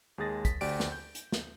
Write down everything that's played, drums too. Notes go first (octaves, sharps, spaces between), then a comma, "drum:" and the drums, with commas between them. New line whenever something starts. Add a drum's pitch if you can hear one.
D#2 G#3 G#4 A6 A#6
B6, drum: kick, hi-hat
D2 G4 D5 D7, drum: open hi-hat
drum: snare
G6
drum: hi-hat
drum: snare